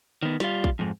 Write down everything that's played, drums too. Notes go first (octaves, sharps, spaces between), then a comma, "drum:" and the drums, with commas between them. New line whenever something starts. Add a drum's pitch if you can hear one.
D#3 B3
G3 F4, drum: snare
drum: kick
F2 G#2